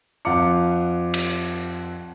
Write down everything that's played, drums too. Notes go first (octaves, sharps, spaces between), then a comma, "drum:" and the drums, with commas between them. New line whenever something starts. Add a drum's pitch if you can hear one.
F2 F3 F5 F#5 D6 C#7
drum: cymbal